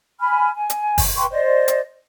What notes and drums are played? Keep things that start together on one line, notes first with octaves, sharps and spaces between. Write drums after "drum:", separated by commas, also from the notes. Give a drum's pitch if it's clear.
G#5 B5 F6
G#5
drum: hi-hat
drum: kick, open hi-hat
B4 G5 C6 C#6
C5 D5 D#5
drum: hi-hat